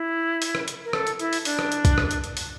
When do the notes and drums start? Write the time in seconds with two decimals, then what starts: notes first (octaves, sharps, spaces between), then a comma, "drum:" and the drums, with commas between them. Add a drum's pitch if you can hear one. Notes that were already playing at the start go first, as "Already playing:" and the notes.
Already playing: E4
0.42 drum: open hi-hat
0.55 drum: rim click
0.68 drum: hi-hat
0.84 A#4
0.93 A4, drum: rim click
1.07 drum: hi-hat
1.20 E4, drum: hi-hat
1.33 drum: open hi-hat
1.45 D4, drum: open hi-hat
1.59 drum: rim click
1.72 drum: hi-hat
1.85 drum: kick B1, hi-hat
1.98 drum: rim click
2.11 drum: hi-hat
2.24 drum: hi-hat
2.37 drum: open hi-hat